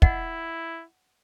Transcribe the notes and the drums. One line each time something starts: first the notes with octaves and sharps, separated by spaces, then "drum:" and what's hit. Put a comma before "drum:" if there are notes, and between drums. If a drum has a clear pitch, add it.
E4 D#5 F#5, drum: kick